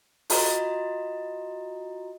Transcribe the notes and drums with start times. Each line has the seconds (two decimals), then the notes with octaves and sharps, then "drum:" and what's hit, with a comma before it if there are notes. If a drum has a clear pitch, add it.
0.30 F4 F#4 D#5 A#5, drum: open hi-hat